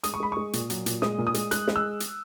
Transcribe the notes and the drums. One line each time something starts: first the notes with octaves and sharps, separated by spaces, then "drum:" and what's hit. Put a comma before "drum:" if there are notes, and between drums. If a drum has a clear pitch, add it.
G#3 D#6, drum: hi-hat
C#6
G#3 B5
G#3 C#6
A#2, drum: hi-hat
F#3, drum: hi-hat
A#2, drum: hi-hat
G#3 D#6, drum: snare
A#2
D#6
G#3, drum: hi-hat
G#3 F#6, drum: hi-hat
G#3, drum: snare
E6
drum: hi-hat